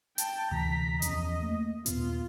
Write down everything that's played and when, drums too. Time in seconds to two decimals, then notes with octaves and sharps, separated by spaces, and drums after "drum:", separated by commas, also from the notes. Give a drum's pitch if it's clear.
0.18 G5 A5, drum: hi-hat
0.51 D2 C3 E3 A#5 B6
1.02 E2 F3 C#4 D#5, drum: hi-hat
1.40 A3 A#3
1.86 D#2 A#2 B3 F4, drum: hi-hat